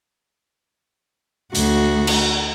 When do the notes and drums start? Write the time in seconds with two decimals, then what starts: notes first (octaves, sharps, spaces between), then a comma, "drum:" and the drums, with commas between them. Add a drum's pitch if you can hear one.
1.55 D2 F#4, drum: hi-hat
2.07 drum: cymbal